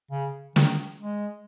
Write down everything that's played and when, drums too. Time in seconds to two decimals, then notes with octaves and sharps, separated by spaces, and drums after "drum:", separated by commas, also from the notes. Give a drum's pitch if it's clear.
0.11 C#3
0.56 D#3, drum: snare
1.00 G#3